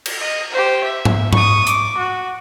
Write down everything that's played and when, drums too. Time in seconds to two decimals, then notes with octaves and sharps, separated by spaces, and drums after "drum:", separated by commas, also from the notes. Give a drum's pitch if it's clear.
0.06 drum: cymbal
0.21 D#5
0.52 G4 C5
0.84 E5
1.05 drum: tom G#2
1.33 C#6 D#6, drum: tom G#2
1.67 D6, drum: hi-hat
1.97 F#4